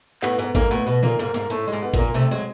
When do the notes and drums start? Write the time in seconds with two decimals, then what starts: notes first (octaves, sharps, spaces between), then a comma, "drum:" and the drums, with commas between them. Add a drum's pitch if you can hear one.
0.22 A2 B3, drum: clap
0.38 G#2 B3
0.55 G#2 A#3, drum: kick
0.71 A2 B3
0.86 B2 B3
1.03 A#2 A#3, drum: tom
1.19 G#2 A#3
1.34 G#2 A#3
1.50 A2 A3
1.67 G#3
1.73 G#2
1.82 B3
1.94 A#2, drum: kick
1.99 A#3
2.14 C3 A3
2.31 F#3 G#3